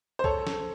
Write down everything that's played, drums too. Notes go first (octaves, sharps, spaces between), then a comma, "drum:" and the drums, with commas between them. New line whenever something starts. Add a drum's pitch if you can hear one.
C5
A4 C#5, drum: kick
drum: snare